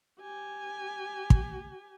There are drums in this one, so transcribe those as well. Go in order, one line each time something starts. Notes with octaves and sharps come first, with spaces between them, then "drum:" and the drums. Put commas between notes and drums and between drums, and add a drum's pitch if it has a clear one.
G4 G#5
drum: kick